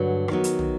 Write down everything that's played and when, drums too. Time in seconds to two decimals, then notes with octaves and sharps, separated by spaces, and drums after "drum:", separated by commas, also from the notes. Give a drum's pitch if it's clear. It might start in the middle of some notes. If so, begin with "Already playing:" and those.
Already playing: G2 D3 F#3
0.28 D#3 F#3 B3, drum: rim click
0.44 drum: hi-hat
0.59 drum: tom